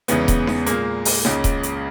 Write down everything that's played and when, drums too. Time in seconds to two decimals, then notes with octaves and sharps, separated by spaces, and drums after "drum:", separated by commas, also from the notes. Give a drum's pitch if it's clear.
0.08 E2 C#3 E3 G#3 B3, drum: hi-hat
0.28 drum: kick D#1, hi-hat
0.47 drum: snare D#4
0.66 A#2 G#3 A#3, drum: hi-hat
1.05 drum: open hi-hat
1.25 C#2 C#3 G#3, drum: snare D#4
1.44 drum: kick D#1, hi-hat
1.63 drum: hi-hat